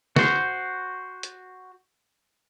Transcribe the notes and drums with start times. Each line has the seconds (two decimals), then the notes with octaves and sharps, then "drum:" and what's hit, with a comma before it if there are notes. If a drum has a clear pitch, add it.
0.16 F#4 C5, drum: snare
1.23 drum: hi-hat